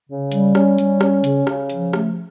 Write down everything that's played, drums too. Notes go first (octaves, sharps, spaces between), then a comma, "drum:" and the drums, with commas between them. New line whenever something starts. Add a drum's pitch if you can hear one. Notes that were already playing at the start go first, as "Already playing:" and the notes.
C#3
G3, drum: hi-hat
C#4, drum: rim click
G3, drum: hi-hat
C#4, drum: rim click
C#3, drum: hi-hat
C#3, drum: rim click
F3, drum: hi-hat
A3, drum: rim click